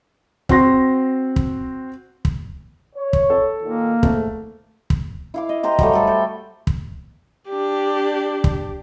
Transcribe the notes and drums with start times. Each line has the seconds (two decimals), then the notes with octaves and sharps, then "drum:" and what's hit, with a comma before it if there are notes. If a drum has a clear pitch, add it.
0.49 C4 F#4 C6 A#6, drum: kick
1.36 drum: kick
2.25 drum: kick
2.96 C#5
3.13 drum: kick
3.30 A4
3.62 A#2 D#3 A#3
4.03 G#2 A3, drum: kick
4.90 drum: kick
5.34 E4 F5 D6
5.49 D#5
5.63 G4 C5 G5 A#5
5.79 F#3 G3 A3, drum: kick
5.93 G3 A4
6.07 G5
6.67 drum: kick
7.49 D4 G4
8.44 drum: kick